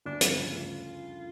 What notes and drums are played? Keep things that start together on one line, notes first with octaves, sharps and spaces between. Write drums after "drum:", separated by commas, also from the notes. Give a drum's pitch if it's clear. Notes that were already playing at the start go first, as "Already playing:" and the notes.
D2 D4
F3, drum: hi-hat
C#3
A3 F4